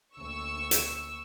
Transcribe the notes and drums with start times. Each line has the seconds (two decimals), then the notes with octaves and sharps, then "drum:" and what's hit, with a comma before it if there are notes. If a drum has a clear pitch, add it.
0.17 D2 A#3 C#6 E6
0.71 drum: hi-hat